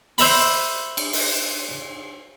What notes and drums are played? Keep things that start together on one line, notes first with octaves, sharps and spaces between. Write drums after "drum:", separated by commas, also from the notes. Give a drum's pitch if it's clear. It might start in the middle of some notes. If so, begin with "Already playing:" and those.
C5 E5 A#5 B5, drum: open hi-hat
drum: cymbal
drum: open hi-hat